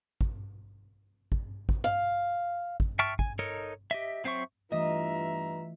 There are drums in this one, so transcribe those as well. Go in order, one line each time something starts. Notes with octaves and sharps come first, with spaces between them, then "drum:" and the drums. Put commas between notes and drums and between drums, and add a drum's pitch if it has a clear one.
drum: kick
drum: kick
drum: kick
F5
drum: kick
E5 G5 A5 C#6 F6
G#5, drum: kick
D#4 A4 A#4 C#5 D#5
G4 D#5 E5
F#3 C4 C5 E5 C#6
G2 E3 A3 F4 B4 D#5 E5 A#5